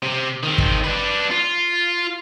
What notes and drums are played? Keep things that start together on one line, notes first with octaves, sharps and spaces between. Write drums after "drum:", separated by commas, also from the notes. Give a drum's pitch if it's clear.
C3
D#3 C4
drum: kick
D4 B4
F4